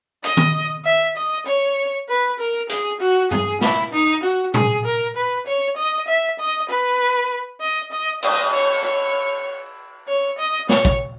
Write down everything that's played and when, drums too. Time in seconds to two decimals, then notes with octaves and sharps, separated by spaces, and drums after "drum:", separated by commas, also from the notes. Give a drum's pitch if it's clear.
0.24 D#5, drum: hi-hat
0.37 drum: tom D#3
0.85 E5
1.16 D#5
1.46 C#5
2.08 B4
2.39 A#4
2.69 G#4, drum: hi-hat
3.00 F#4
3.31 G#4, drum: tom G2
3.61 E4, drum: snare
3.93 D#4
4.23 F#4
4.54 G#4, drum: tom A2
4.85 A#4
5.16 B4
5.47 C#5
5.77 D#5
6.07 E5
6.39 D#5
6.69 B4
7.61 D#5
7.92 D#5
8.23 D#5, drum: cymbal
8.53 C#5
8.84 C#5
10.08 C#5
10.39 D#5
10.69 C#5, drum: snare
10.85 drum: kick